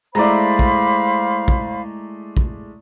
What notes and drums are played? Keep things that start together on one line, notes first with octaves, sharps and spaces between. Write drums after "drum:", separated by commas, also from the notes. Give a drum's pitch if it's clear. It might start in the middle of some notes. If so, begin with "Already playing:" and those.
G#3 A3 E4 C5 D5 F5 A#5 B5
drum: kick
drum: kick
drum: kick